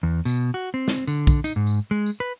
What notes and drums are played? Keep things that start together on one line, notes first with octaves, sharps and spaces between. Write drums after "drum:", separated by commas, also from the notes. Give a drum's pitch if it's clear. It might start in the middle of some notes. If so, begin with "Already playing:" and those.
E2
B2, drum: tambourine
F#4
C4
drum: snare
D3, drum: tambourine
drum: kick, tambourine
D#4, drum: tambourine
G#2
drum: tambourine
G#3
drum: tambourine
B4